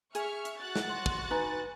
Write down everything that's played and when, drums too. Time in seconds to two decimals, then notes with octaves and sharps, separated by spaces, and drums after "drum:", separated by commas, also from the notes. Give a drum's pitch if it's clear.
0.15 G#4 E5 C#6 F6, drum: hi-hat
0.45 drum: hi-hat
0.58 F#4 F#6 A6
0.76 drum: snare
0.89 C6
1.06 drum: kick
1.31 D#4 B4 G#5